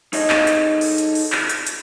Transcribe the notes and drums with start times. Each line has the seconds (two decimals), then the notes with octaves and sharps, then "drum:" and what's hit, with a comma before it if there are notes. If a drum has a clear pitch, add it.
0.13 D#4 G#4 A4 C#5 D#5, drum: open hi-hat
0.30 drum: clap
0.47 drum: hi-hat
0.81 drum: open hi-hat
0.98 drum: hi-hat
1.15 drum: open hi-hat
1.32 drum: clap
1.49 drum: hi-hat
1.67 drum: hi-hat